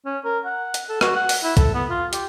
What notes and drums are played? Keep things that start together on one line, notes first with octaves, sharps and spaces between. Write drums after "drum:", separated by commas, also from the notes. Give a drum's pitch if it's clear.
C#4
A#4
F#5
drum: hi-hat
A4
F#4, drum: rim click
F#5
drum: open hi-hat
E4
A4, drum: kick, hi-hat
B3
F4
G4, drum: hi-hat